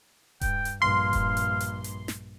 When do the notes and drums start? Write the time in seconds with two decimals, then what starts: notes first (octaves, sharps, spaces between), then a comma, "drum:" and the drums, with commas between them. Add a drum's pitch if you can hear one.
0.41 G2 G5, drum: kick D#1, hi-hat
0.65 drum: hi-hat
0.82 A#1 G2 F5 C6
1.13 drum: kick D#1, hi-hat
1.37 drum: hi-hat
1.60 drum: hi-hat
1.84 drum: hi-hat
2.08 drum: snare